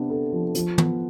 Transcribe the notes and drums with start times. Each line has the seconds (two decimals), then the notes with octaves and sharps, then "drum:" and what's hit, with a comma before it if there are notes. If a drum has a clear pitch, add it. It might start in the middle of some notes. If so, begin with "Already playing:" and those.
Already playing: C3 B3 D4
0.10 A4
0.33 F3
0.55 F3, drum: hi-hat
0.78 B3, drum: tom